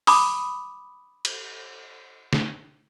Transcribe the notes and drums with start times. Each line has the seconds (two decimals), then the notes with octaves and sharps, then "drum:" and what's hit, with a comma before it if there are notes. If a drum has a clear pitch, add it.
0.07 B5 D6 D#6, drum: open hi-hat
1.25 drum: cymbal
2.33 drum: snare